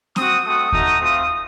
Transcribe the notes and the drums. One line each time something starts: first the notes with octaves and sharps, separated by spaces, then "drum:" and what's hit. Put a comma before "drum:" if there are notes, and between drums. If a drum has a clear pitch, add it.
C4 F#4 D#6, drum: snare C4
A3 C4 F#4 D#6
A3 D#4 F#4, drum: kick D#2
A3 C4 F4